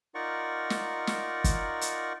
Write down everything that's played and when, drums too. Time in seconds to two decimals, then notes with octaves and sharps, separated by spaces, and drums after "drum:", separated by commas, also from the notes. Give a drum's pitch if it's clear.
0.15 D#4 F4 A#4 D5 F#5 C#6
0.70 drum: snare
1.07 drum: snare
1.44 drum: kick, hi-hat
1.81 drum: hi-hat